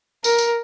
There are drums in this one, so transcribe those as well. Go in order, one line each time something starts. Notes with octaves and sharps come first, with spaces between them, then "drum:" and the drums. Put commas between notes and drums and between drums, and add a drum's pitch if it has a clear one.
A#4, drum: tambourine
drum: tambourine